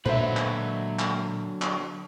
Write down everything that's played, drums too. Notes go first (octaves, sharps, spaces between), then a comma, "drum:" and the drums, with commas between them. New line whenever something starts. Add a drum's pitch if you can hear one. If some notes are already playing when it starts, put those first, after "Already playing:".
A#2 D3 F#3 G#3 B4 C5 E5
drum: clap
drum: clap
drum: clap